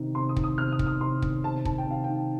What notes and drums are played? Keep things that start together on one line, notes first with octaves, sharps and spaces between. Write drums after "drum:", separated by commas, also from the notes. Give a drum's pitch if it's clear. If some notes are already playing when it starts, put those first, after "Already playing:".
Already playing: C3 D#3
C3 C6
D#6
D#3, drum: kick
D#6
C3 F6
D#6
D#3, drum: kick
D#6
C3 C6
D#3, drum: kick
C3 A5
D#3 A5, drum: kick
G5
C3 F5
D#3 G5